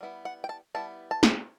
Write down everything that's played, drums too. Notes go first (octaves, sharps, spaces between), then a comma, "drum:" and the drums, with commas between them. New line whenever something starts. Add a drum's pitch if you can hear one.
G3 B3 E4
F#5
G5
A5
G3 B3 E4 A5
A5
drum: snare